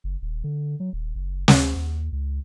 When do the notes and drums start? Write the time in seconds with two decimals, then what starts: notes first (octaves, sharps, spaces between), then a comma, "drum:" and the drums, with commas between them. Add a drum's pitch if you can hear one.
0.04 F#1
0.22 D#1
0.44 D3
0.80 F#3
0.93 D#1
1.15 F#1
1.48 D2, drum: snare
1.76 D#2
2.12 C#2